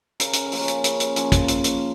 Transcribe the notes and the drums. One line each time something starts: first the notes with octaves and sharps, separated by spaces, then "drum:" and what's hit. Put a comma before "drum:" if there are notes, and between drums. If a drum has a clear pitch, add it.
C#3 A#4, drum: hi-hat
C#5, drum: hi-hat
A#4
F3 A#3 C#4, drum: open hi-hat
drum: hi-hat
C#3, drum: hi-hat
drum: hi-hat
F3 A#3 C#4, drum: hi-hat
drum: kick, hi-hat
F3, drum: hi-hat
drum: hi-hat